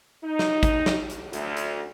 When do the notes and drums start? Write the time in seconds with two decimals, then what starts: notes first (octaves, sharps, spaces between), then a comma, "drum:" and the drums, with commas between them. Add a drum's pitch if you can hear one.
0.25 D#4
0.39 drum: snare
0.63 drum: kick, hi-hat
0.86 drum: snare
1.10 drum: hi-hat
1.33 D2, drum: hi-hat
1.57 drum: hi-hat